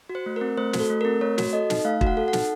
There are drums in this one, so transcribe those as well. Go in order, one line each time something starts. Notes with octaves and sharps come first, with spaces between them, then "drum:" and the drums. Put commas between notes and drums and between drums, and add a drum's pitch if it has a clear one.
F#4
C5
A3
C4 A#4
A3 C5
F#4, drum: snare
A4
A3
C4 A#4
A3 C#5
F#4, drum: snare
A4 D#5
D#4, drum: snare
A3 F5
F#4, drum: kick
F#5
A4
F#5
D#4, drum: snare